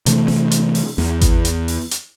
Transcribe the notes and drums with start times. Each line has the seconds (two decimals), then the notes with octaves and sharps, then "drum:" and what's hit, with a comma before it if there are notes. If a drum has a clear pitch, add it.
0.06 C3 E3 A3, drum: hi-hat
0.28 drum: snare
0.51 drum: hi-hat
0.75 drum: open hi-hat
0.98 E2, drum: snare
1.21 drum: kick G#1, hi-hat
1.45 drum: hi-hat
1.68 drum: open hi-hat
1.91 drum: hi-hat